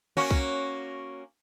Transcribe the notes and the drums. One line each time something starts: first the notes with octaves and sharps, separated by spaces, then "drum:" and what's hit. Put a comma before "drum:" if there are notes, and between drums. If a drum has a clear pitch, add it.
A#3 C#4 F#4
drum: kick C2